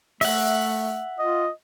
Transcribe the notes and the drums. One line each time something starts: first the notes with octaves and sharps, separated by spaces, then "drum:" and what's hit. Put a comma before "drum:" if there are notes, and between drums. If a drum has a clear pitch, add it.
A3 E5 F#5, drum: open hi-hat
F4 D#5